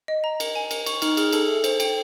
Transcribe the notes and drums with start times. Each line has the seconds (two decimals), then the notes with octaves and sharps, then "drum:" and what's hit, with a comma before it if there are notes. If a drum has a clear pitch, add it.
0.08 D#5
0.24 A#5
0.40 A#4, drum: cymbal
0.55 G#5
0.71 A#4, drum: cymbal
0.86 C#6, drum: cymbal
1.02 D#4 F6, drum: cymbal
1.17 G#4 F6, drum: cymbal
1.32 A4 A5, drum: cymbal
1.48 E5
1.64 C5, drum: cymbal
1.80 G5, drum: cymbal